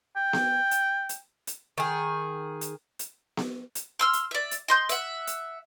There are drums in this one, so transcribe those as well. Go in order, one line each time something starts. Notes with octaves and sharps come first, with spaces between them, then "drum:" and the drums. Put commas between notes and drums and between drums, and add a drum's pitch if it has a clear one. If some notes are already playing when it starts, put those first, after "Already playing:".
G5
drum: snare B3
drum: hi-hat
drum: hi-hat
drum: hi-hat
D#3 G#4
drum: hi-hat
drum: hi-hat
drum: snare B3
drum: hi-hat
C6 E6 F6
drum: hi-hat
D5 E5
drum: hi-hat
D#5 C6 G6
E5 F#5, drum: hi-hat
drum: hi-hat